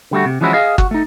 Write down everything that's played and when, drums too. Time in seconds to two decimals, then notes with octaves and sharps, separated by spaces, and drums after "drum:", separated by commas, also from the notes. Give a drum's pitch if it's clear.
0.11 D3 G3 A3 F#4
0.25 C3
0.41 E3 F3 G#3 C#4 E4 F#4
0.54 G#4 D#5 F5
0.78 F#4, drum: kick
0.91 A3 D#4